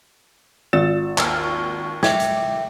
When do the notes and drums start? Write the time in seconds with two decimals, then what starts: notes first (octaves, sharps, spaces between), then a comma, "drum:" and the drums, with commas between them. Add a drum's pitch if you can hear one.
0.73 G#1 F4 E6 A6 E7
1.18 D#2 E6 F6, drum: clap
1.44 C#6
2.03 E5 G5 D6 G#6, drum: snare
2.20 drum: hi-hat